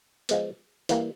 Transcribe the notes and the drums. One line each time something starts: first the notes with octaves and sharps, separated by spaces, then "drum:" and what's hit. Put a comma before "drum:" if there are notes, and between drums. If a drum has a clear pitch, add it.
F3 G#3 B3, drum: hi-hat
E3 G3 A#3, drum: hi-hat